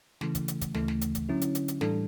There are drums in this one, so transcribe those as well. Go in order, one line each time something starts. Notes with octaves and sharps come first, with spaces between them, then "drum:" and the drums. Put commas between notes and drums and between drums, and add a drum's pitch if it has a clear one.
C#3 E3 A3, drum: snare
drum: kick, hi-hat
drum: hi-hat
drum: kick, hi-hat
D2 C#3 E3 A3, drum: snare
drum: snare
drum: hi-hat
drum: kick, hi-hat
D3 F#3 C#4 E4
drum: hi-hat
drum: hi-hat
drum: hi-hat
A2 E3 G3 D4 A4, drum: snare